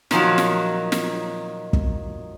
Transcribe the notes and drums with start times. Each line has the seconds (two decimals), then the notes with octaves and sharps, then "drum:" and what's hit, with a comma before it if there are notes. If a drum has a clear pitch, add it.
0.11 A#2 D#3 F3 F#3, drum: snare
0.38 drum: snare
0.92 drum: snare
1.73 drum: kick